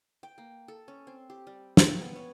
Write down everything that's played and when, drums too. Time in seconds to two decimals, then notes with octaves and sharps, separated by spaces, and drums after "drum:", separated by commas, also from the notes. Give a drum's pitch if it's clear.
0.23 G5
0.38 A#3
0.68 A4
0.88 C#4
1.07 C4
1.30 G4
1.47 G3
1.77 A#3, drum: snare
2.01 B3
2.16 C#5